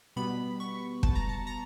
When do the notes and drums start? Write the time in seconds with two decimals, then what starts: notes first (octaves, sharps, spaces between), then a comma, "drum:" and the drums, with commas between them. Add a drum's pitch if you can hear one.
0.16 B2 G3 B3 B5
0.60 C#6
1.03 A5, drum: kick
1.15 A#5
1.29 A5
1.47 A#5